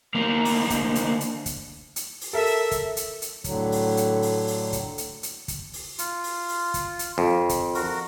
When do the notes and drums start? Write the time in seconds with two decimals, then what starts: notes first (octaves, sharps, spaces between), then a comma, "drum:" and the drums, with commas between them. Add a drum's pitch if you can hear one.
0.15 D2 A#3
0.45 drum: open hi-hat
0.70 drum: kick, hi-hat
0.95 drum: hi-hat
1.20 drum: hi-hat
1.46 drum: kick, hi-hat
1.96 drum: hi-hat
2.21 drum: open hi-hat
2.33 A4 A#4 E5
2.46 drum: open hi-hat
2.71 drum: kick, hi-hat
2.97 drum: hi-hat
3.22 drum: hi-hat
3.44 A2 D3 F#3, drum: kick, hi-hat
3.72 drum: open hi-hat
3.97 drum: hi-hat
4.22 drum: open hi-hat
4.48 drum: open hi-hat
4.73 drum: kick, hi-hat
4.98 drum: hi-hat
5.23 drum: hi-hat
5.48 drum: kick, hi-hat
5.73 drum: open hi-hat
5.98 F4, drum: hi-hat
6.24 drum: open hi-hat
6.49 drum: open hi-hat
6.74 drum: kick, hi-hat
6.99 drum: hi-hat
7.18 F2
7.49 drum: kick, hi-hat
7.75 F#4 A#4, drum: open hi-hat